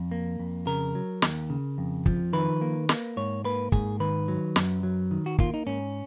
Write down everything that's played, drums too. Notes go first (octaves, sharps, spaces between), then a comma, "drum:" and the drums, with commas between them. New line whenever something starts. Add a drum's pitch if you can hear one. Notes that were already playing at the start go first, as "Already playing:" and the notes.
Already playing: F2
A#3
F2
C#3 A#4
F#3
D#2, drum: snare
C#3
F2
F3, drum: kick
D#3 B4
A#3
A#3, drum: snare
G#2 C#5
A#3 B4
G#2 G#4, drum: kick
D#3 B4
F#3
F#2, drum: snare
F#3
D#3
F#4
A#3 F4, drum: kick
D#4
G#2 C#4